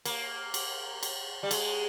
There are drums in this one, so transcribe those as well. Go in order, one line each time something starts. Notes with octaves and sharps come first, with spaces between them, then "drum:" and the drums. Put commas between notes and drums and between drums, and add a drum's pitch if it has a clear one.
A#3, drum: cymbal
drum: cymbal
drum: cymbal
G3
G#3, drum: cymbal